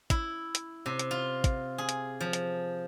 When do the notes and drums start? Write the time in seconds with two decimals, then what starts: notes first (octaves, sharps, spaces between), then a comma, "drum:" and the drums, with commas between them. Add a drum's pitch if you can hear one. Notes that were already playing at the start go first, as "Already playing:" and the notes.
0.10 E4, drum: kick, hi-hat
0.55 drum: hi-hat
0.86 C3
0.99 drum: hi-hat
1.11 F4
1.44 drum: kick, hi-hat
1.78 G#4
1.89 drum: hi-hat
2.20 F3
2.33 drum: hi-hat